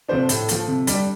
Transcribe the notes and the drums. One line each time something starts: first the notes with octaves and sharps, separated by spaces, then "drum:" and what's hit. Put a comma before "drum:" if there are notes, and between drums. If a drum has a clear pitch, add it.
C3 F3 A3 D4 C5
A2 A4, drum: hi-hat
F3 A3, drum: hi-hat
C3
G3 D4, drum: hi-hat